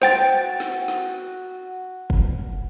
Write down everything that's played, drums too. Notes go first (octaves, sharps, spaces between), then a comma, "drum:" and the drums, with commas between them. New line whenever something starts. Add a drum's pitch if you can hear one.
F#4 C5 G5 A6, drum: snare
drum: snare
drum: snare
drum: kick